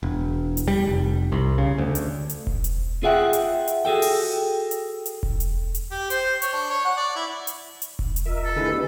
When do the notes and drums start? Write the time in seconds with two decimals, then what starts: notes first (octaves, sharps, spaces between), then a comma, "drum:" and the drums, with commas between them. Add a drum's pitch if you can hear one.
0.03 E1
0.57 drum: hi-hat
0.68 G3
0.87 F1
1.32 C2
1.58 C#3
1.78 D2
1.95 drum: hi-hat
2.29 drum: hi-hat
2.47 drum: kick E1
2.64 drum: hi-hat
3.03 F4 G#4 E5 F#5 G5
3.33 drum: hi-hat
3.68 drum: hi-hat
3.85 F#4 G#4 A4 G5
4.02 drum: open hi-hat
4.71 drum: hi-hat
5.06 drum: hi-hat
5.23 drum: kick E1
5.40 drum: hi-hat
5.75 drum: hi-hat
5.91 G4
6.10 C5, drum: hi-hat
6.42 C#5, drum: hi-hat
6.53 D4
6.70 C#5
6.85 F#5
6.97 D5
7.16 E4
7.47 drum: hi-hat
7.82 drum: hi-hat
7.99 drum: kick E1
8.16 drum: hi-hat
8.26 F4 A#4 D#5 E5
8.45 A4
8.56 D3 A3 E4 G4 G#4 B4 D#5
8.72 B3 D4 E6